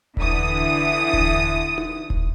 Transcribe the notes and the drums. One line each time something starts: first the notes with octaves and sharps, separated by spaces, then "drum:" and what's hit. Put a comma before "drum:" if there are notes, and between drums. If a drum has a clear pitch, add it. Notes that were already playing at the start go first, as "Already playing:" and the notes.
D3 E3 D#6, drum: kick D#1
drum: kick D#1
drum: tom D#4
drum: kick D#1